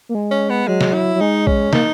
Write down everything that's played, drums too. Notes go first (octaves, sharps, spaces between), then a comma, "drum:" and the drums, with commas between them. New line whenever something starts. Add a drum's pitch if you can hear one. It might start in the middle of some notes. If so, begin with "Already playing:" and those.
A#3
G#3
C#4
B3
F#3 G#3
drum: snare
E4
F#3
G#3 D#4
C#4, drum: kick A#1
A#3 D#4, drum: snare